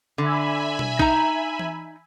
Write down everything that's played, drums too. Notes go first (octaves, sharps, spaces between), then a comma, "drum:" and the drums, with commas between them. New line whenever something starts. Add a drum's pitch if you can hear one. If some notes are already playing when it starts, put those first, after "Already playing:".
D3 E5 G#5 B5
drum: tom B2
D#4 A#5, drum: kick A#1
drum: tom E3